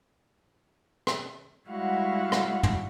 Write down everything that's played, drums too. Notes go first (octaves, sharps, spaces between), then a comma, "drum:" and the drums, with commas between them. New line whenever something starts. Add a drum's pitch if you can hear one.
drum: rim click
G3 G#3 E4 F#4 F5 F#5
drum: rim click
drum: tom